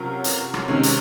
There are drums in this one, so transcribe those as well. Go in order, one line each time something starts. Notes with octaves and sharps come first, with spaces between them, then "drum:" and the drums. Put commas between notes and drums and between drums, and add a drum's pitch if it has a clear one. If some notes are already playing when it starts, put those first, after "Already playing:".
Already playing: C3 F#3 C#4 F4 A#4
drum: hi-hat
drum: rim click
C3 D#3 G#3 C#4
drum: hi-hat